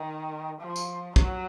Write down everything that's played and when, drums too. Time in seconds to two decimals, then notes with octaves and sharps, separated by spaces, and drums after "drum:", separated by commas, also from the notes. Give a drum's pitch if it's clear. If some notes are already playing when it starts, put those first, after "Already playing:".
Already playing: D#3
0.61 F3
0.76 drum: tambourine
1.16 F#3, drum: kick